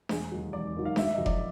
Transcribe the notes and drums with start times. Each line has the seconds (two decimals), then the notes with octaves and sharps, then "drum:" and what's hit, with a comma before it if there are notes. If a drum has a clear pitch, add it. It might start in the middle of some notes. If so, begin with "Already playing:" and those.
0.09 E1 G#4, drum: snare D4
0.32 D#2 D#3 F#3
0.53 E1 D5
0.75 D#2 D#3 F#3
0.85 F5
0.96 G1 E5, drum: snare D4
1.13 D#5
1.18 F2 D3 F#3
1.26 D5, drum: kick F1